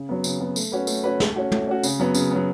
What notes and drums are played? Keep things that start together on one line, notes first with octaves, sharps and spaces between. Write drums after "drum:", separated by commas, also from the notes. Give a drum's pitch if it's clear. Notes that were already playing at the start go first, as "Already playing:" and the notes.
Already playing: C#3
F#3 B3
C#3, drum: tambourine
F#3 B3
A3, drum: tambourine
C#4 F#4 B4
A3, drum: tambourine
C#4 F#4 B4
A3, drum: snare
C#4 F#4
A3, drum: tom
C#4 F#4
C#3, drum: tambourine
F#3 B3
C#3, drum: tambourine
F#3 B3